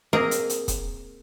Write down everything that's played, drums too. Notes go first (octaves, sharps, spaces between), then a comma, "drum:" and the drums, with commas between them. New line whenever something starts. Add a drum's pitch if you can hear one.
A#3 C4 G#4 A#4
drum: hi-hat
drum: hi-hat
drum: kick, hi-hat